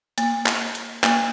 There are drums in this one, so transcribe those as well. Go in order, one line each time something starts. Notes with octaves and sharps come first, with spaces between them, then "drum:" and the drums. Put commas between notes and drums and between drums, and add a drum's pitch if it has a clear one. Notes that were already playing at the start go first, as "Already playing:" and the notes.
A#3, drum: hi-hat
drum: clap
drum: hi-hat
A#3, drum: clap